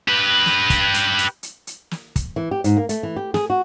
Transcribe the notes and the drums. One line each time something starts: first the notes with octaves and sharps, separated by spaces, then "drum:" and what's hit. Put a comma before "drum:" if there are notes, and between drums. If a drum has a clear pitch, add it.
G4 B4
drum: snare
drum: kick, hi-hat
drum: hi-hat
drum: hi-hat
drum: hi-hat
drum: hi-hat
drum: snare
drum: kick, hi-hat
E3
G4
G#2, drum: hi-hat
A#3
A3, drum: hi-hat
E3
G4
G#4, drum: snare
F#4